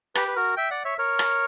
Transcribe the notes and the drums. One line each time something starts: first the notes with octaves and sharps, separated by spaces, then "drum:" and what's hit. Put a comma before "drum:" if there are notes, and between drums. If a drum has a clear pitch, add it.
G4 B4, drum: rim click
B4
F#4 A#4
E5 G5
D5 F#5
C#5 E5
A#4 C#5
drum: rim click